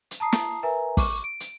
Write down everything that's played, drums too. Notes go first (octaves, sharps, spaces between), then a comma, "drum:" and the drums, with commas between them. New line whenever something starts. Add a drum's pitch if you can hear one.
drum: hi-hat
A5 A#5 D#6 C7
drum: snare
A#4 B4 E5 G#5 A#5
C#6 D6, drum: kick, open hi-hat
D7
drum: hi-hat